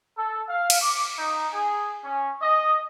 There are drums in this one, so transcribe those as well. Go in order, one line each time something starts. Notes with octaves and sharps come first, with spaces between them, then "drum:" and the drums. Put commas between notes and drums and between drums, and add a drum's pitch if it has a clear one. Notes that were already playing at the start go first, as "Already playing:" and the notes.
A4
F5
drum: cymbal
D6
D#4
G#4
C#4
D#5